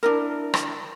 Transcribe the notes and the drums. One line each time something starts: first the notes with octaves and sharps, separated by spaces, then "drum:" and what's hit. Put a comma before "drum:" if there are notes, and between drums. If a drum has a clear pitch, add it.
D4 E4 A#4
drum: rim click